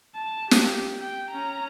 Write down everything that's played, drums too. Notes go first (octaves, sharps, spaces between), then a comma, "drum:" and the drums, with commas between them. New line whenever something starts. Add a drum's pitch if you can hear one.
A5
G4, drum: snare
G5
C#4 A#5